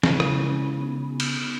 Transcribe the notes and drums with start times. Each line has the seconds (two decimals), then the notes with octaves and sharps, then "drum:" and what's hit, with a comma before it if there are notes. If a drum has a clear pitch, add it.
0.03 C#3 G#3 C#4 E4, drum: snare
0.20 drum: rim click
0.77 B3 D#4 F#4
1.20 drum: cymbal